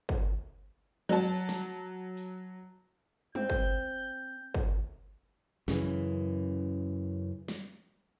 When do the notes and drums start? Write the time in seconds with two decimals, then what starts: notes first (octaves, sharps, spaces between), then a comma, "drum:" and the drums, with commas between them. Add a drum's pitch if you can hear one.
0.09 drum: kick
1.09 F#3 A5
1.49 drum: snare
2.17 drum: open hi-hat
3.35 C4 G6, drum: tom G3
3.50 drum: kick
4.54 drum: kick
5.68 F#2 C#3 E3, drum: snare
7.48 drum: snare